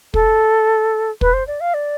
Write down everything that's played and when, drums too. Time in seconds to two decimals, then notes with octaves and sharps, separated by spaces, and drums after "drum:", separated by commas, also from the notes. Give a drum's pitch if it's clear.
0.14 A4, drum: kick
1.21 B4, drum: kick
1.33 C5
1.47 D5
1.61 F5
1.74 D5